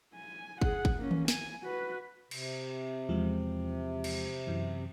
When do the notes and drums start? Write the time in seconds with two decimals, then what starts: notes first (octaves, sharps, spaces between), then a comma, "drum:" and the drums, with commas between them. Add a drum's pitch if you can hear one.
0.15 G#5
0.62 G#4 F#5, drum: kick G#1
0.85 drum: kick G#1
0.97 A#3 C#4
1.11 drum: tom D#3
1.28 G#5, drum: snare
1.63 F#4 B4
2.31 C3, drum: cymbal
3.09 E2 F3 G#3
4.04 drum: cymbal
4.47 F#2 E3